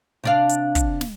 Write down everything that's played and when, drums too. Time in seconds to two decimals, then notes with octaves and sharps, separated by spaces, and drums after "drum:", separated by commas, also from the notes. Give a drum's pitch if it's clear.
0.24 C3 D4 F5
0.49 drum: hi-hat
0.75 drum: kick, hi-hat
1.01 drum: snare